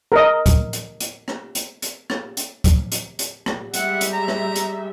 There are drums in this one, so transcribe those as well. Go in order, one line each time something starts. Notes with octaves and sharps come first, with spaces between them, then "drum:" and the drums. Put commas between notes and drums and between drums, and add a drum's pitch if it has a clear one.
A#4 D#5
drum: kick, hi-hat
drum: hi-hat
drum: hi-hat
drum: rim click
drum: hi-hat
drum: hi-hat
drum: rim click
drum: hi-hat
drum: kick, hi-hat
drum: hi-hat
drum: hi-hat
drum: rim click
G3 G#3 E5 F#5, drum: hi-hat
drum: hi-hat
A#5
drum: rim click
drum: hi-hat